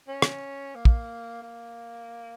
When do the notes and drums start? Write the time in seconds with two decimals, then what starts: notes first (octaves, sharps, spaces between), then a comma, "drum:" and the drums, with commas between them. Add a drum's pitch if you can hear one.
0.08 C#4
0.22 drum: rim click
0.75 A#3
0.85 drum: kick
1.42 A#3